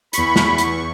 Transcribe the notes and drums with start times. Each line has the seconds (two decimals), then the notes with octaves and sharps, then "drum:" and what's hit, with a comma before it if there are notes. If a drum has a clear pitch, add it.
0.13 E2 B5 C#6, drum: hi-hat
0.36 drum: snare
0.58 drum: hi-hat